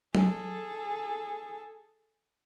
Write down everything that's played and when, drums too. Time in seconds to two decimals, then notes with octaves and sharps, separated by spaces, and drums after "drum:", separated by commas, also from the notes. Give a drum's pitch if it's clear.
0.15 G#4 A4, drum: tom F#3